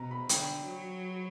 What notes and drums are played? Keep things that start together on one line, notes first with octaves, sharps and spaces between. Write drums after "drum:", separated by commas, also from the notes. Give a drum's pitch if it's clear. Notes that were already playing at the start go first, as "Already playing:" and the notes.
Already playing: B2 A#5
B5
D3 G5, drum: hi-hat
F#3